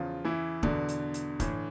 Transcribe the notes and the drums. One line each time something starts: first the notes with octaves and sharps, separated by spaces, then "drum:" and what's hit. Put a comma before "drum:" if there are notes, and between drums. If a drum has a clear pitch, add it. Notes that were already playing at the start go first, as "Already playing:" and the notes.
Already playing: E2 C#3 F3 F4
E3 E4
E2 B2 D3 D4, drum: kick
drum: hi-hat
drum: hi-hat
A2 E3, drum: kick, hi-hat